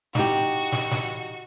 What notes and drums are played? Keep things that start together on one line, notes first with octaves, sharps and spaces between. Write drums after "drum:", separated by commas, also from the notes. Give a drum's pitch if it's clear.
D#4 F#4 G4, drum: snare
drum: snare
drum: snare